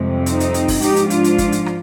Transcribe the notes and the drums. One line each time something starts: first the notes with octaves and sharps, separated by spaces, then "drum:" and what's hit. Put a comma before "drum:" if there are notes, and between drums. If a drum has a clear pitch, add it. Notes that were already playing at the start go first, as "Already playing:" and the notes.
Already playing: F2 C3 G3 G#3
C4 D#4, drum: hi-hat
drum: hi-hat
drum: hi-hat
drum: kick, open hi-hat
G#2 F3 D#4 G4, drum: hi-hat
drum: hi-hat
D4 F4, drum: hi-hat
drum: hi-hat
drum: kick, hi-hat
drum: hi-hat
drum: rim click